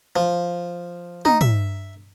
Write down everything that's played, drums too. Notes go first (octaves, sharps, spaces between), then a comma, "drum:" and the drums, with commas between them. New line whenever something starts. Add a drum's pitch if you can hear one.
F3
D#4, drum: tom
E5, drum: tom